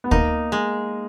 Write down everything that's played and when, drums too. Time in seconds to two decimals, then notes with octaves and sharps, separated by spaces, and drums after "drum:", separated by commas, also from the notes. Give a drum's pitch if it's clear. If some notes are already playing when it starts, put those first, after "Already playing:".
0.04 B3
0.11 A#3 D#4, drum: kick D2
0.52 G#3